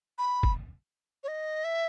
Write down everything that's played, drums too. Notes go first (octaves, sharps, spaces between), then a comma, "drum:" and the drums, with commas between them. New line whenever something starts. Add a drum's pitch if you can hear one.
B5
drum: kick
C#5
D#5
E5